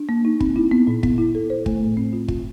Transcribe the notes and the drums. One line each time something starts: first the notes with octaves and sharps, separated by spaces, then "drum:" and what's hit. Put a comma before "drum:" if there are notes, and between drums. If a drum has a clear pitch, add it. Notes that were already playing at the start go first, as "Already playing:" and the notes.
Already playing: D4
A#3
D#4
C4, drum: kick
E4
B3
A#2
B3, drum: kick
E4
A4
C5
A3, drum: kick
A2
C4
F4
F4, drum: kick